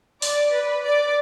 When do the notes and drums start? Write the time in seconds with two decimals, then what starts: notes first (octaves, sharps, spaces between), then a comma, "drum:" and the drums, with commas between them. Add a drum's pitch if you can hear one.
0.22 D5, drum: open hi-hat
0.53 B4
0.84 D5